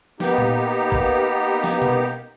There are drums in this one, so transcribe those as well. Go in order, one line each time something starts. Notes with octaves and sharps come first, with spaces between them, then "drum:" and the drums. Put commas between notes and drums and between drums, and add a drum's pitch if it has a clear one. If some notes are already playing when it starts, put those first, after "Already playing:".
A#3 B3 D#4 G4, drum: snare
drum: tom A#2
drum: kick
drum: snare
drum: tom B2